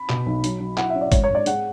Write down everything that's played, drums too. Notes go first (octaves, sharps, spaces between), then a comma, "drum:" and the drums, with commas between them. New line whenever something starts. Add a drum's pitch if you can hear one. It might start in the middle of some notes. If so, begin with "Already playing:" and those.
Already playing: B5
B2, drum: clap
B1
F#3, drum: hi-hat
F#3
E4 F#5, drum: clap
E5
C#4
D5
G#2 C#5, drum: kick G1, hi-hat
C#5
G#2
D5
G#3 F#5, drum: hi-hat